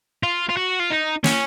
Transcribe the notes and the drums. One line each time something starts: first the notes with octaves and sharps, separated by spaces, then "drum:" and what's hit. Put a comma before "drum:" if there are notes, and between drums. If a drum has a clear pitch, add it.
F4
F4
F#4
F4
D#4
C#4, drum: snare